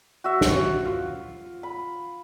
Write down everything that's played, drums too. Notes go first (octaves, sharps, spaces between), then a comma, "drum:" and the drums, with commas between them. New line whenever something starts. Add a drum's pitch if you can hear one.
F#4 E5
drum: snare
F4
B5